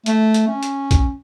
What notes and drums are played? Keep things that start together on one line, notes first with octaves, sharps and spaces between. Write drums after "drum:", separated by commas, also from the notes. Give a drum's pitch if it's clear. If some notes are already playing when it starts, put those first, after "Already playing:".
A3, drum: hi-hat
drum: hi-hat
C#4
drum: hi-hat
drum: kick B1, hi-hat